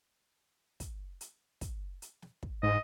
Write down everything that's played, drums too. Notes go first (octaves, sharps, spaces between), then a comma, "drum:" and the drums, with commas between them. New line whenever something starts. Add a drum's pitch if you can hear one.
drum: kick, hi-hat
drum: hi-hat
drum: kick, hi-hat
drum: hi-hat
drum: snare
drum: kick
G#2 D#5